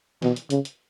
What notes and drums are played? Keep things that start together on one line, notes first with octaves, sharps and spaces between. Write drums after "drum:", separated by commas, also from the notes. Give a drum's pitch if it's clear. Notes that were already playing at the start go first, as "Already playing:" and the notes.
B2, drum: snare
drum: hi-hat
C#3, drum: hi-hat
drum: hi-hat